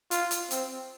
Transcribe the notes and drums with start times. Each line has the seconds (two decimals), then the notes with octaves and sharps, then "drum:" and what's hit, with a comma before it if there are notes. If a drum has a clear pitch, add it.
0.11 F4, drum: hi-hat
0.31 drum: hi-hat
0.51 C4, drum: hi-hat